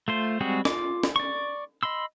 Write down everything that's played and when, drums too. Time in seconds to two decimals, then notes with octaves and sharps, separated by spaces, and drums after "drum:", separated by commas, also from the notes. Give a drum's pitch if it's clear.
0.08 A3 F4 C5
0.40 G3 G#3 C4 F#4 G#4
0.65 F4 D6, drum: snare
1.04 drum: snare
1.16 D5 C#6
1.83 D#5 B5 C6 E6